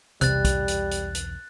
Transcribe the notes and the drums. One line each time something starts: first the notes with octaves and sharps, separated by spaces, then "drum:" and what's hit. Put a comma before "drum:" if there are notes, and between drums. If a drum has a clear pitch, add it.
B1 E2 C3 G3 F#6 A6, drum: hi-hat
drum: kick, hi-hat
drum: hi-hat
drum: hi-hat
drum: hi-hat